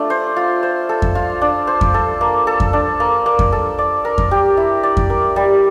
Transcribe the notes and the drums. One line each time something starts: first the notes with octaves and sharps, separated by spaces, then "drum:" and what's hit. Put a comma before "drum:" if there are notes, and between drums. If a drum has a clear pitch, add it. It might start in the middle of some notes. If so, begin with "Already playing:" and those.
Already playing: A3 D4 F4
C5
F4
C5
A4
drum: kick F2
F4
D4
C5
drum: kick F2
A4
A#3
A4
drum: kick F2
D4
A#3
A#3
drum: kick F2
A4
D5
A#4
drum: kick F2
G4
E4
D5
drum: kick F2
A#4
G3